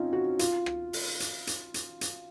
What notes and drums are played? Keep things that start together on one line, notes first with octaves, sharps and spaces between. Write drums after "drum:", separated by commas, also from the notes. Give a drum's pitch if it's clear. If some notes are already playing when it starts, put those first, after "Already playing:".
Already playing: C4 C#4 D#4 F4
F#4
F4, drum: hi-hat
drum: rim click
drum: open hi-hat
drum: hi-hat
drum: hi-hat
drum: hi-hat
drum: hi-hat